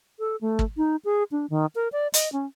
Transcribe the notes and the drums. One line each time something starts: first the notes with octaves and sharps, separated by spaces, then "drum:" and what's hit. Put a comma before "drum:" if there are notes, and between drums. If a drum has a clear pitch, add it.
A4
A3
drum: kick
D#4
G#4
D4
D#3
A#4
D5
D#5, drum: hi-hat
C#4